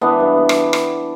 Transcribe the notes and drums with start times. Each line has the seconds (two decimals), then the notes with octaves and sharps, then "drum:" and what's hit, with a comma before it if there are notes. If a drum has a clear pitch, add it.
0.01 E3 B3 D4
0.20 G2
0.37 B3
0.49 drum: rim click
0.73 drum: rim click